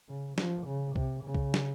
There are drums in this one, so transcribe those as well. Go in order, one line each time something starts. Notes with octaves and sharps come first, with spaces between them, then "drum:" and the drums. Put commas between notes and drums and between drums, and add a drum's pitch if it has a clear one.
C#3
F3, drum: snare
C#3
C3, drum: kick C2
C#3
drum: kick C2
drum: snare